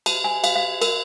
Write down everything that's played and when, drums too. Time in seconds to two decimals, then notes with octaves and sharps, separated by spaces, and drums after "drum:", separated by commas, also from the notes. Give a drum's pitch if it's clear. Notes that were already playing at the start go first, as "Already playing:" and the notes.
0.06 A5, drum: cymbal
0.24 G#5
0.44 F5, drum: cymbal
0.56 F5
0.82 A#4, drum: cymbal